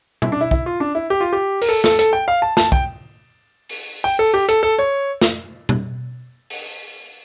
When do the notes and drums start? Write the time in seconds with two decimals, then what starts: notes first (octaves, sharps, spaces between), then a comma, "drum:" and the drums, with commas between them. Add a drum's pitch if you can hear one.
0.22 E4, drum: tom B2
0.32 D4
0.41 E4
0.51 E4, drum: kick
0.66 F4
0.80 D4
0.95 E4
1.10 G4
1.21 F4
1.33 G4
1.62 A#4, drum: open hi-hat
1.69 A4
1.84 A4, drum: snare
1.99 A4, drum: hi-hat
2.13 G5
2.28 F5
2.42 A5
2.57 A5, drum: snare
2.72 G5, drum: kick
3.69 drum: open hi-hat
4.04 G5
4.19 A4
4.34 G4
4.49 A4, drum: hi-hat
4.63 A4
4.79 C#5
5.21 drum: snare
5.69 drum: tom B2
6.50 drum: open hi-hat